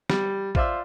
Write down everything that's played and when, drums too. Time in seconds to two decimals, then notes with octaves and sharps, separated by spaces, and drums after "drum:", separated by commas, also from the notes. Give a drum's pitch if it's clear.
0.10 G3, drum: snare
0.55 F4 C5 D5 E5, drum: kick